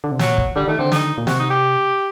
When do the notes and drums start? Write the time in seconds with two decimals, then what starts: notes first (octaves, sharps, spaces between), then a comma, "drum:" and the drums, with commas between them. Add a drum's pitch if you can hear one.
0.04 D3
0.12 C3
0.19 A#2 F#3, drum: snare
0.38 drum: kick
0.56 D3 G3
0.68 D#3 A3
0.79 D3 C4
0.92 D#4, drum: snare
1.18 A#2
1.27 C3 F#4, drum: snare
1.39 D#4
1.50 G4